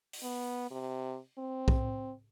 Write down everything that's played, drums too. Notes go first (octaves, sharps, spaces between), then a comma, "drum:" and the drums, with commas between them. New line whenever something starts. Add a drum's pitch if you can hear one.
drum: open hi-hat
B3
C3
C4
drum: kick